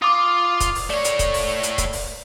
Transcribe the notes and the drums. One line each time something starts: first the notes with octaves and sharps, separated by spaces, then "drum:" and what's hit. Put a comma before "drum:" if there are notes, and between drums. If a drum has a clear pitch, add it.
F4 D6 D#6
drum: kick, hi-hat
drum: open hi-hat
A3 C#5 D5
drum: hi-hat
drum: kick, hi-hat
drum: open hi-hat
drum: hi-hat
drum: kick, hi-hat
drum: open hi-hat